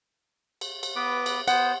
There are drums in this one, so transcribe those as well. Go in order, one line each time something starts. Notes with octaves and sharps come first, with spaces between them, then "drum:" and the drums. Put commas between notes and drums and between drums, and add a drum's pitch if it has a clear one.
drum: cymbal
drum: cymbal
B3 B4 D6
drum: cymbal
B3 C5 F#5, drum: cymbal